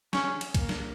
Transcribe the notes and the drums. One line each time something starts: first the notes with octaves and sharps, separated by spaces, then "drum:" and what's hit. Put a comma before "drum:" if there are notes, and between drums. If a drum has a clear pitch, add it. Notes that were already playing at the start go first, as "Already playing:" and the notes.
C#4, drum: snare
drum: cymbal
A#3, drum: kick, cymbal
drum: snare